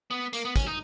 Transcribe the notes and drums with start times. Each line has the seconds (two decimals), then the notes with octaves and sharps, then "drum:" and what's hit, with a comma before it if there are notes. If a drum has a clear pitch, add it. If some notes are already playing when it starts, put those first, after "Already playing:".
0.11 B3
0.33 A#3, drum: tambourine
0.45 B3
0.56 C#4, drum: kick, tambourine
0.67 D#4